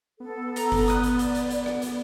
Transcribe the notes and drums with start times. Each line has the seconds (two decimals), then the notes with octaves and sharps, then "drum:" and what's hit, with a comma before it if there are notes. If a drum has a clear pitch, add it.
0.20 B3 A4
0.56 A#5, drum: hi-hat
0.72 drum: kick F#1, open hi-hat
0.88 D5 D#6 F#6, drum: hi-hat
1.03 drum: hi-hat
1.19 drum: hi-hat
1.35 drum: hi-hat
1.50 drum: hi-hat
1.66 drum: rim click
1.82 drum: hi-hat